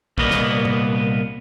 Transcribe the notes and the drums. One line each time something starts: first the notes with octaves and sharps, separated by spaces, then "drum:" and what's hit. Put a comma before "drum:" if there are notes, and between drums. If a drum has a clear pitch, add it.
C2 A#2 A#3 B3 B4 D#5, drum: kick
drum: snare
drum: tom